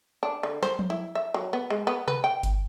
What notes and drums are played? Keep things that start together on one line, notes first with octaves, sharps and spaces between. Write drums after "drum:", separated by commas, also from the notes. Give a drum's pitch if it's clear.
D4
D3
C5, drum: snare
drum: tom F3
E4
E5
F#3
B3
G#3
B3
B4, drum: tom C3
G5
drum: kick G1, hi-hat